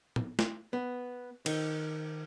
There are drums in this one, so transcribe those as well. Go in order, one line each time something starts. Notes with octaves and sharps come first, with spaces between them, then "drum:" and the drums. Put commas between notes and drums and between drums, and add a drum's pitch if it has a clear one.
drum: tom A2
drum: snare
B3
D#3, drum: cymbal